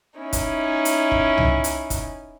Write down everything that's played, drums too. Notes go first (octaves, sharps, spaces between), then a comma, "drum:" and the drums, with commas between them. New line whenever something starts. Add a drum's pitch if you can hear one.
C#4 D#4 E4
drum: kick, hi-hat
drum: hi-hat
drum: kick
drum: tom C2
drum: hi-hat
drum: kick, hi-hat